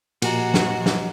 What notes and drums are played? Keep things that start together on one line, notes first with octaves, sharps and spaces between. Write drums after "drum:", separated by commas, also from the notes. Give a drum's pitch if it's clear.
A#2 F3 F#4 G4 D#5 F#5 G#5 A#5, drum: cymbal
drum: snare
drum: snare